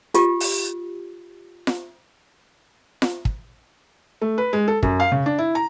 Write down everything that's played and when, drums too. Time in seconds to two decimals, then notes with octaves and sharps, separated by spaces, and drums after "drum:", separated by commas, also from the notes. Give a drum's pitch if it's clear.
0.14 F4 G4, drum: hi-hat
0.40 drum: open hi-hat
1.67 drum: snare F4
3.02 drum: snare F4
3.25 drum: kick
4.22 A3
4.38 B4
4.53 G#3
4.68 A4
4.83 F#2, drum: kick
5.00 F5
5.12 C#3
5.26 D4
5.38 E4
5.55 A#5